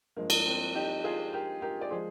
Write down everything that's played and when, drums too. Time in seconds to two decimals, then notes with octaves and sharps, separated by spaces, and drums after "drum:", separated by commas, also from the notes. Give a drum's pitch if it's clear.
0.16 G2 F3 G#3 A#3
0.30 drum: cymbal
0.46 C4
0.75 D#4 G4
1.04 F4 G#4
1.33 G4 A#4
1.62 G4 A#4
1.81 D5
1.91 F3 G#3 G#4 C5